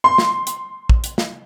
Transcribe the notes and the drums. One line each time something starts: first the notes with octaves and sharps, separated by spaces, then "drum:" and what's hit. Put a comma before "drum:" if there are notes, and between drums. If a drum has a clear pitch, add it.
C6
drum: snare
drum: hi-hat
drum: kick
drum: hi-hat
drum: snare